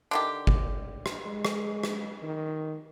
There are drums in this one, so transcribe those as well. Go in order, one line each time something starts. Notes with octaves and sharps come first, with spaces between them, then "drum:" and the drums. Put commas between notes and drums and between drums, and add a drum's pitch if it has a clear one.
D3 D#3 G4
drum: kick G1
drum: rim click
G#3
drum: rim click
drum: rim click
D#3